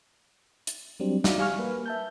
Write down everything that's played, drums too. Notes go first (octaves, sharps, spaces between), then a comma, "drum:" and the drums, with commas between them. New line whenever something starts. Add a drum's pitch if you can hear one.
drum: hi-hat
F#3 G3 C4 D4
D#4 F#4 D5 E5 F5, drum: snare
G3 F5 G#5 C#6 F6
A#3 B4
E5 A5 G6